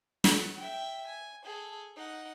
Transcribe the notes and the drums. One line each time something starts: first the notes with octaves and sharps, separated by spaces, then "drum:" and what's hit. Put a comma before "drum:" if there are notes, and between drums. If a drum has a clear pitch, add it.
F#5, drum: snare
E5 G5
G#5
G#4 A4
D#4 F#5